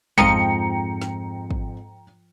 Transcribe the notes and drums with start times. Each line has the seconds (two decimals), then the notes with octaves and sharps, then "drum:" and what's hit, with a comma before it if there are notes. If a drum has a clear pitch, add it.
0.18 F2 G#2 F3 D#5 G5 A#5 C#7, drum: kick
1.02 drum: snare
1.51 drum: kick